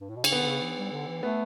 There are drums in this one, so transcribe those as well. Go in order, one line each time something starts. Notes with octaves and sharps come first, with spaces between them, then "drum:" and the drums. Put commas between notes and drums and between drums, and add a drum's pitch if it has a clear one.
G2
A2
B2
C#3, drum: cymbal
D3 B3
D3
C#3
E3
G3
D3
E3
A3 B3